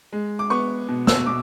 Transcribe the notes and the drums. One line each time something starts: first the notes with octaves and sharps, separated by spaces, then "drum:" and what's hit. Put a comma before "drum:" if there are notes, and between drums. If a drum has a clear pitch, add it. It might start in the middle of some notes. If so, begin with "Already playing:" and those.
G#3
D6
B3 C#6
B2
E6, drum: snare
B2 D6